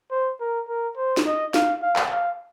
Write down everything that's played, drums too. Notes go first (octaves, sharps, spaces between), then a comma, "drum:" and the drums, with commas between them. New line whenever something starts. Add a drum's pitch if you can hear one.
C5
A#4
A#4
C5
drum: snare
D#5
F5, drum: snare
F5
drum: clap
F5